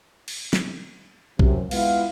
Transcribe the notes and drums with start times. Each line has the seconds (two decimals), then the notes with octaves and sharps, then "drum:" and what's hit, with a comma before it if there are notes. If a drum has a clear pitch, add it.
0.28 drum: cymbal
0.53 drum: snare
1.39 F#2 C3, drum: kick
1.71 G#3 B3 E4 F4 F5, drum: cymbal